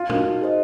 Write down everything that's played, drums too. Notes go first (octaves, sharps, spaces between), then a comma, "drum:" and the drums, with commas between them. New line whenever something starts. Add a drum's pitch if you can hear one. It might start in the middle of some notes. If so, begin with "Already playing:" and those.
Already playing: F4
D#4 F#4 A#4, drum: tom
D#4
G#4 C5 D#5